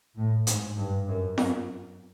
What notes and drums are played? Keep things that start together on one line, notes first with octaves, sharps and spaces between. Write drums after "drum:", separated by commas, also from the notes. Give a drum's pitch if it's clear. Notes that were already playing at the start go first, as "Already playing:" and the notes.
A2
G#2, drum: hi-hat
G2
F#2
drum: snare F4